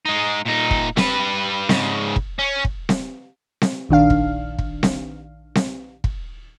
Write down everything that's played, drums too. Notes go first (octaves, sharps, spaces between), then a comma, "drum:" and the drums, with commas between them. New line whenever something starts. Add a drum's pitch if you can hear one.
G#3 D#4
A#2 D#4
drum: kick
G3 B4, drum: snare C4
G#2 C#3, drum: snare C4
drum: kick
C#4
drum: kick
drum: snare C4
drum: snare C4
A#1 D#3 D4 F5
drum: kick
drum: kick
drum: snare C4
drum: snare C4
drum: kick